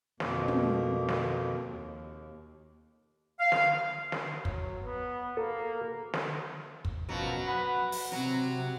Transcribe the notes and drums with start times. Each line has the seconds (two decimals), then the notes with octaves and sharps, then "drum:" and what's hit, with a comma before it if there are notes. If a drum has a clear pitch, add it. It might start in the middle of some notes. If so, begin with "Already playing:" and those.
0.20 F2 B2 A#3, drum: snare
0.48 drum: tom
1.09 drum: snare
1.61 D#2
3.40 F5
3.52 drum: snare
4.12 drum: snare
4.45 F#3, drum: kick
4.83 B3
5.37 A#3 A4
6.14 drum: snare
6.85 drum: kick
7.09 F#2 B2 F3 F#3
7.48 B4 F#5 B5
7.92 drum: open hi-hat
8.12 C3 F#3